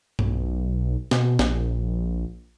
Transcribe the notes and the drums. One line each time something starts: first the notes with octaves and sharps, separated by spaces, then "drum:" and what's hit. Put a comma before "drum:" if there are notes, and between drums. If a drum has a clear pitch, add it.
B1, drum: tom G2
B2, drum: snare
A#1, drum: snare